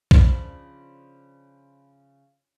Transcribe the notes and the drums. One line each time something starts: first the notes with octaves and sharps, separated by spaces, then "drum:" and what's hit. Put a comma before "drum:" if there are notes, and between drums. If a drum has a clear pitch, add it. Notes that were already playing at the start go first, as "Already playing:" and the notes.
C#3 F3 D4 C5 D5 B5, drum: kick